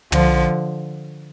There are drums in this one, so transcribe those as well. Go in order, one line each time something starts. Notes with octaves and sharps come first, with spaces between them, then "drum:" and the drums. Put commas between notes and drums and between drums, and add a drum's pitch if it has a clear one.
D3 F3, drum: tom